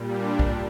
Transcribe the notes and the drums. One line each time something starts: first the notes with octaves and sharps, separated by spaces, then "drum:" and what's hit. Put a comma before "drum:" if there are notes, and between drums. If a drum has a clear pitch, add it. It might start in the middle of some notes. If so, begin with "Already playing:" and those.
Already playing: A#2 G3
D4
drum: kick